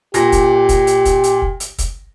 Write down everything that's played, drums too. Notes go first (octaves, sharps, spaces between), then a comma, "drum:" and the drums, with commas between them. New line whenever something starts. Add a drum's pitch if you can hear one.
A#2 G4 A#6, drum: hi-hat
drum: kick, hi-hat
drum: kick, hi-hat
drum: hi-hat
drum: kick, hi-hat
drum: hi-hat
drum: kick
drum: hi-hat
drum: kick, hi-hat